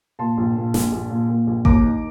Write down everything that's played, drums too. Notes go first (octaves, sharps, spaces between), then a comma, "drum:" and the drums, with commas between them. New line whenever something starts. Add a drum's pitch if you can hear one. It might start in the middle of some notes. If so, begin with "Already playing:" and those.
A#2 A5 C6
A#1
A#2
A#1, drum: snare
A#1
A#2
A#2
A#1
D#2 A#5 D6, drum: kick A1
D#3